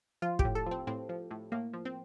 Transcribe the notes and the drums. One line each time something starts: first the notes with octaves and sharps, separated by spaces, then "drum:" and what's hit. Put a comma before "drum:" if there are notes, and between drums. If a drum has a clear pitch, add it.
F3 F4
G4, drum: kick
A2
A4
F3 C4
A2 C4
F3
A2
A2 A#3
F3
C4